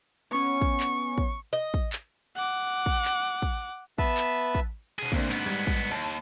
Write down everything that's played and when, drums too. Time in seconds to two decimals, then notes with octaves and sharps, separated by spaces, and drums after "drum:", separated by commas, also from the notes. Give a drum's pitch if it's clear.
0.31 B3 C#4 C#6
0.61 drum: kick
0.80 drum: clap
1.18 drum: kick
1.53 D#5
1.74 drum: kick
1.93 drum: clap
2.36 F#5 D6
2.86 drum: kick
3.05 drum: clap
3.42 drum: kick
3.98 B3 B4 E5 A5, drum: kick
4.17 drum: clap
4.55 drum: kick
4.99 B2 G#4
5.12 D2 A#3 C4 D4, drum: kick
5.30 G#2 B3, drum: clap
5.46 G3 G#6
5.67 drum: kick
5.91 D#2 A5